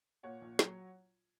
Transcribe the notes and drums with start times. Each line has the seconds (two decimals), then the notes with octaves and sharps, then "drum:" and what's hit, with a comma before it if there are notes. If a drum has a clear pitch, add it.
0.23 A#2 C#5 F#5
0.41 A#1
0.59 F#3, drum: snare